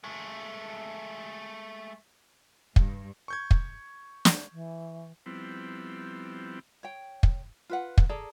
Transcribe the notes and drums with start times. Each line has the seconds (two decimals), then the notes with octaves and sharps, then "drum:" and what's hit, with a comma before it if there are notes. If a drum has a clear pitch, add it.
0.04 G#3 A3
2.76 G2, drum: kick
3.28 C#6 G6 G#6
3.51 drum: kick
4.25 drum: snare
4.52 E3
5.26 F3 G3 B3 C4 E4
6.83 C#5 G5
7.23 drum: kick
7.69 F4 B4 F#5
7.98 drum: kick
8.09 G#4 A4 D5 A#5